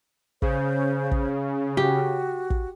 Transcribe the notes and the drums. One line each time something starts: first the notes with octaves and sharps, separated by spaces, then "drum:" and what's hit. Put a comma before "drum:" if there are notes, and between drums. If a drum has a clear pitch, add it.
C#3 C5, drum: kick
drum: kick
F#4 G4
drum: kick